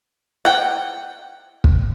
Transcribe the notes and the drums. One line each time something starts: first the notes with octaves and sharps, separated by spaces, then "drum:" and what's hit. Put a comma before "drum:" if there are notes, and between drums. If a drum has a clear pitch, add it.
F#5 G5
drum: kick